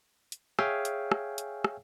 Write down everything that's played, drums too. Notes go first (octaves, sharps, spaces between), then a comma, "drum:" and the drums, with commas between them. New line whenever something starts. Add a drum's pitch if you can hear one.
drum: hi-hat
G#4 C#5 E5 F5 G5 G#5, drum: rim click
drum: hi-hat
drum: rim click
drum: hi-hat
drum: rim click